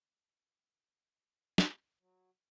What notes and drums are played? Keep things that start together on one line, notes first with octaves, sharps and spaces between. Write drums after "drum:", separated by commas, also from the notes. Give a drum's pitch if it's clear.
drum: snare
F#3